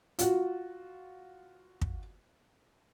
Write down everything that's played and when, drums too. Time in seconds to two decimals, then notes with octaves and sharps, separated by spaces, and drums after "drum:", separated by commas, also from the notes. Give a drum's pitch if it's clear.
0.19 F4 F#4, drum: hi-hat
1.81 drum: kick